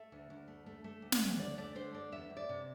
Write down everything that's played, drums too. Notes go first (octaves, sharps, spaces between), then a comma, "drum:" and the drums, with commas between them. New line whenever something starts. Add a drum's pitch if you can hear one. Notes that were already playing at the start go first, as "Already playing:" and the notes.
Already playing: A3 E5
D2
D2
A3
A3
A3
D2
drum: snare
D2
D3 D5
A3 D5
D3 C5
A3 D5
E2 E5
E2
D5
C3